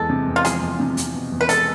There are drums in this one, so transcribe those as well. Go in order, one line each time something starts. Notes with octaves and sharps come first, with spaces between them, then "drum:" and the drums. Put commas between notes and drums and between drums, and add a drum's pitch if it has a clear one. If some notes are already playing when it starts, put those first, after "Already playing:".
Already playing: E2 G#3 A4
C3
E2
F4
F3 G#4, drum: hi-hat
E2
C3
E2, drum: hi-hat
B2
E2
B4
G#3 A4, drum: hi-hat